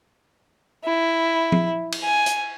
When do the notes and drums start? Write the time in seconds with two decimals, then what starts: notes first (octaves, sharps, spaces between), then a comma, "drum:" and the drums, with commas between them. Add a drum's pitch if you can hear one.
0.84 E4
1.52 drum: tom F3
1.92 drum: cymbal
2.03 G#5
2.26 drum: hi-hat